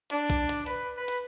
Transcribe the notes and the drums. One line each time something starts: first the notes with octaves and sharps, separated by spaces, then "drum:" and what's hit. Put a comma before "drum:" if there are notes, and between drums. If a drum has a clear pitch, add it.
D4, drum: hi-hat
drum: kick, hi-hat
drum: hi-hat
B4, drum: hi-hat
B4
drum: hi-hat